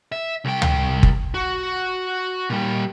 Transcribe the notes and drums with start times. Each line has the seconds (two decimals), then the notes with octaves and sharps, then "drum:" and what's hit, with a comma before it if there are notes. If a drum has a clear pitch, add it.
0.12 E5
0.45 C2 G5
0.62 drum: tom C#2
1.03 drum: kick F#1
1.34 F#4
2.50 A#2 G3